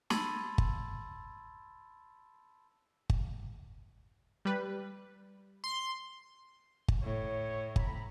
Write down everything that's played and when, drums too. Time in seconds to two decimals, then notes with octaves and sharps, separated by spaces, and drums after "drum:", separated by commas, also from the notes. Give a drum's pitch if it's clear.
0.10 A5 B5 C6 E6 G#6 A6, drum: snare
0.58 drum: kick G1
3.10 drum: kick G1
4.45 G3 B4
5.64 C6
6.88 drum: kick G1
7.03 A2 C#5
7.76 C4 A#5 B5, drum: kick G1